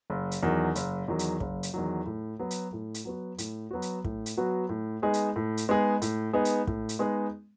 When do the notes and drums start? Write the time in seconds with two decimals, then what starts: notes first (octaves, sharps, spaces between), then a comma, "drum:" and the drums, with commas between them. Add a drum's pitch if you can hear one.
0.10 F#1
0.31 drum: hi-hat
0.43 E2 D#3 F#3
0.75 F#1, drum: hi-hat
1.08 E2 D#3 F#3
1.19 drum: hi-hat
1.40 F#1, drum: kick
1.63 drum: hi-hat
1.74 E2 D#3 F#3
2.06 A2
2.39 F#3 B3 F#4
2.51 drum: hi-hat
2.73 A2
2.94 drum: hi-hat
3.05 F#3 B3 F#4
3.38 A2, drum: hi-hat
3.71 F#3 B3 F#4
3.82 drum: hi-hat
4.05 A2, drum: kick
4.26 drum: hi-hat
4.37 F#3 B3 F#4
4.69 A2
5.02 G#3 B3 D#4 G#4
5.13 drum: hi-hat
5.36 A2
5.57 drum: hi-hat
5.69 G#3 B3 D#4 G#4
6.02 A2, drum: hi-hat
6.33 G#3 B3 D#4 G#4
6.45 drum: hi-hat
6.67 A2, drum: kick
6.89 drum: hi-hat
6.99 G#3 B3 D#4 G#4